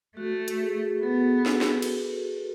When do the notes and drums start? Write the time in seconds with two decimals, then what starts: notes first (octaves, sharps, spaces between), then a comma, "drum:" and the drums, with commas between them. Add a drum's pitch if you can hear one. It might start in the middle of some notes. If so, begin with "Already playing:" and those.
0.16 A3 F#4
0.48 drum: hi-hat
0.60 G#4
0.98 B4
1.03 B3 A4
1.46 B4, drum: snare
1.61 drum: snare
1.82 drum: cymbal